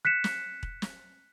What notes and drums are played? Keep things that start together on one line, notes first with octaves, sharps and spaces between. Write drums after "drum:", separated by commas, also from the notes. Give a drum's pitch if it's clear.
F#6 B6 C#7 E7
drum: snare
drum: kick E1
drum: snare